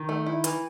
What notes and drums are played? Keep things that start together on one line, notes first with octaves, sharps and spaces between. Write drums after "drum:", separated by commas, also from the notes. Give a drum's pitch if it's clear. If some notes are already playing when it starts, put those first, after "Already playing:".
Already playing: D#3
A3
E4
E3, drum: hi-hat